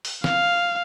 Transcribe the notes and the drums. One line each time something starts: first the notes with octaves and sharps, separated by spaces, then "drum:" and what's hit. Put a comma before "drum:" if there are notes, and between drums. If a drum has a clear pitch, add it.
drum: open hi-hat
F5, drum: snare